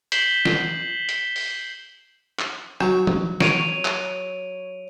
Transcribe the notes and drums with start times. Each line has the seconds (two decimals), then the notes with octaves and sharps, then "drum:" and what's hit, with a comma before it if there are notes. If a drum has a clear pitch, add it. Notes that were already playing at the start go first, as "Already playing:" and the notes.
0.12 G6 B6 C7 E7 F#7 G7, drum: hi-hat
0.45 drum: snare
1.09 drum: hi-hat
1.36 drum: open hi-hat
2.39 drum: clap
2.81 F#3, drum: rim click
3.07 drum: tom E3
3.40 C#5 D7 D#7 F7, drum: snare
3.85 drum: clap